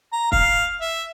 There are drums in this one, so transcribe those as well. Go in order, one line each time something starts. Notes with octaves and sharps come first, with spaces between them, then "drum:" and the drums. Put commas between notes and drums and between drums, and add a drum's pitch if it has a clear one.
A#5
F5, drum: kick
E5